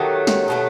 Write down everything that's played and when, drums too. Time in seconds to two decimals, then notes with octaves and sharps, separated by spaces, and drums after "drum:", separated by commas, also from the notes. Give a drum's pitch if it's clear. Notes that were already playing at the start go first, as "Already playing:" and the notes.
Already playing: D#3 F#3 A3 G4
0.27 drum: snare
0.48 B2 F#3 A3